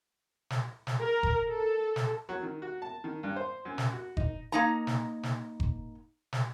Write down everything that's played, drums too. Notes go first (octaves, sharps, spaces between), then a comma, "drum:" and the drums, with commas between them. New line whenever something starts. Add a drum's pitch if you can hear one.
drum: snare
drum: snare
A#4
drum: kick F#1
A4
drum: snare
F#3
D#3
F#4
A5
D#3
G2
C5
F#2
drum: snare
F#4
D#4, drum: kick F#1
A#3 D#4 A#5
drum: snare
drum: snare
drum: kick F#1
drum: snare